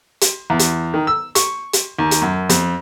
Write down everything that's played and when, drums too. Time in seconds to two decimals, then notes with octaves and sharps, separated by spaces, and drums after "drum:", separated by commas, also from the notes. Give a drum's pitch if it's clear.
0.21 drum: hi-hat
0.50 E2
0.59 drum: hi-hat
0.94 D#3
1.07 E6
1.35 C#6, drum: hi-hat
1.73 drum: hi-hat
1.99 D#2
2.11 drum: hi-hat
2.22 F#2
2.49 F2, drum: hi-hat